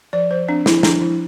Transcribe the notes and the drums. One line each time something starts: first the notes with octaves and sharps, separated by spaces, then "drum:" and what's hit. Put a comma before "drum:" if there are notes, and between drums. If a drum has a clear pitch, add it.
F3 D5
F3 C5
C4 D4
F3 E4, drum: snare
F3 D4, drum: snare
F3 E4